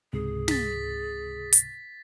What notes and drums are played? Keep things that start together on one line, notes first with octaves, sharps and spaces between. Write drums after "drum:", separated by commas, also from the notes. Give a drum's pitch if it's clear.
C#2 G#2 C3 G#4
A6 B6, drum: snare
drum: hi-hat